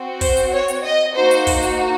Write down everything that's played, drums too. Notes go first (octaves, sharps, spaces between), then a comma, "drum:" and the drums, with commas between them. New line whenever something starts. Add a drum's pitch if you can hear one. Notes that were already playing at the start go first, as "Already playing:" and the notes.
Already playing: C4 F#4
C5, drum: kick, open hi-hat
drum: hi-hat
C#5
drum: hi-hat
D#5
A#3 D#4 F#4 C5
drum: hi-hat
drum: kick, open hi-hat
drum: hi-hat